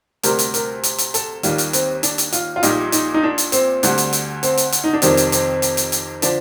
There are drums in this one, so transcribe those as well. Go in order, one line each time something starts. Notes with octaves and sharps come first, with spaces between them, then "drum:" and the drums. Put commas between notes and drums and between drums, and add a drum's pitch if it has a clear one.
D2 C3 G3 A#4, drum: hi-hat
drum: hi-hat
A#4, drum: hi-hat
drum: hi-hat
drum: hi-hat
A4, drum: hi-hat
D#2 D#3 G3 F4, drum: hi-hat
drum: hi-hat
C4, drum: hi-hat
D4, drum: hi-hat
drum: hi-hat
F4, drum: hi-hat
F4
A#1 A#2 G3 D#4, drum: hi-hat
D#4, drum: hi-hat
D#4
D4
drum: hi-hat
C4, drum: hi-hat
D2 D3 G3, drum: hi-hat
drum: hi-hat
drum: hi-hat
C4, drum: hi-hat
drum: hi-hat
drum: hi-hat
D#4
D4
F2 C3 D#3 G3 C4, drum: hi-hat
drum: hi-hat
C4, drum: hi-hat
drum: hi-hat
drum: hi-hat
drum: hi-hat
D3 F3 D4, drum: hi-hat